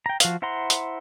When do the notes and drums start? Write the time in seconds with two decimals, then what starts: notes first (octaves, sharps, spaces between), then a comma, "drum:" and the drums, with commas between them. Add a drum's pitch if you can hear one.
0.06 G5 A#5
0.20 F3 F#4 F5, drum: hi-hat
0.42 E4 C5 F#5 A#5 C6
0.70 drum: hi-hat